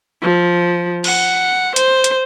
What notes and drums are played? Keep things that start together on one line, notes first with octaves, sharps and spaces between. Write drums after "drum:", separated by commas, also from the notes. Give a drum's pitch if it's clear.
F3
F#5, drum: cymbal
C5, drum: hi-hat
drum: hi-hat